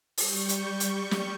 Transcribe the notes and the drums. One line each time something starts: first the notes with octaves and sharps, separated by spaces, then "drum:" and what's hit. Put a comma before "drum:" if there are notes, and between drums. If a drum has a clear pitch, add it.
G3 C#6 G6, drum: open hi-hat
drum: hi-hat
drum: hi-hat
drum: snare